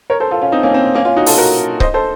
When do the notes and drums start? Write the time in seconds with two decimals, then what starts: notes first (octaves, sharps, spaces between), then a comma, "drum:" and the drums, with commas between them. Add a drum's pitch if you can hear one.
0.10 A#4 C#5
0.20 A4 C5
0.31 F4 A4
0.42 C#4 F4
0.52 C4 D#4
0.63 A#3 C#4
0.74 C4
0.95 A#3 C#4
1.05 C#4 F4
1.16 D#4 F#4
1.26 F4 A4, drum: open hi-hat
1.38 F#4 A#4
1.80 C5 D#5, drum: kick C#1
1.94 A4 C5